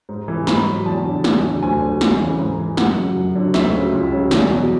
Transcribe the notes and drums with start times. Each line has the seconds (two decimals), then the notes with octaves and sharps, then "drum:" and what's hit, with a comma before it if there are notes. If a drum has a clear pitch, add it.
0.09 G#2
0.28 E3
0.47 G#2 B5, drum: snare
0.66 F#3
0.86 E2 A5
1.05 D3 F#3
1.24 E2, drum: snare
1.44 D3 F#3
1.62 D2 G#5
1.81 D3 F#3
2.01 E2, drum: snare
2.20 C#3 E3
2.39 G#2
2.59 E3
2.77 F#2 F#5, drum: snare
2.97 C#3 F#3
3.16 F#2
3.35 D3 F#3
3.54 D2 E5, drum: snare
3.73 C#3 F#3
3.93 C#2
4.12 C#3 F#3
4.31 E2, drum: snare
4.50 B2 F#3